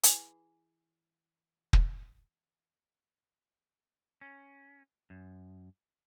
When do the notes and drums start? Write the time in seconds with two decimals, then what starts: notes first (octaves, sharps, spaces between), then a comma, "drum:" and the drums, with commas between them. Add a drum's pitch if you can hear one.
0.03 E3 G#4, drum: hi-hat
1.73 drum: kick
4.21 C#4
5.10 F#2